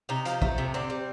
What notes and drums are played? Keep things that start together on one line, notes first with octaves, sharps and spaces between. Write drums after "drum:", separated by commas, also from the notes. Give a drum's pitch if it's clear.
C3 D#4
F3, drum: hi-hat
A3, drum: kick
C3
D3 C4
G3